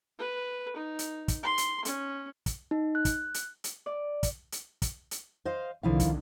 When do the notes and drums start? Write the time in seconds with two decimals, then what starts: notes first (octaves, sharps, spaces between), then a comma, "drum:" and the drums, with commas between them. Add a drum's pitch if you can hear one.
0.19 B4
0.76 D#4
0.99 drum: hi-hat
1.28 drum: kick, hi-hat
1.43 C6
1.58 drum: hi-hat
1.85 C#4, drum: hi-hat
2.46 drum: kick, hi-hat
2.71 D#4
2.95 F#6
3.05 drum: kick, hi-hat
3.34 drum: hi-hat
3.64 drum: hi-hat
3.86 D5
4.23 drum: kick, hi-hat
4.52 drum: hi-hat
4.82 drum: kick, hi-hat
5.11 drum: hi-hat
5.45 C5 D#5 F5
5.83 C2 D3 D#3 F3 E4 F5
6.00 drum: kick, hi-hat